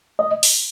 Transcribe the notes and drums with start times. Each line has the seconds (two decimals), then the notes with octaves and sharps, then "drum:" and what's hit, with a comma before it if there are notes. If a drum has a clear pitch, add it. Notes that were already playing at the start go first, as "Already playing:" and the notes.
0.19 D#5
0.43 drum: open hi-hat